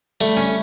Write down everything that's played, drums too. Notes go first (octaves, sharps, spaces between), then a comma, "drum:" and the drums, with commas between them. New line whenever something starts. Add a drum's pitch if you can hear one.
G3 A3, drum: tambourine
C#4